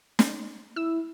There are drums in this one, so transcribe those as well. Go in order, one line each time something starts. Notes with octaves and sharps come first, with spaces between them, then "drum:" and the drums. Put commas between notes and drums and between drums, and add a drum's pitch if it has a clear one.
C#4, drum: snare
E4 E6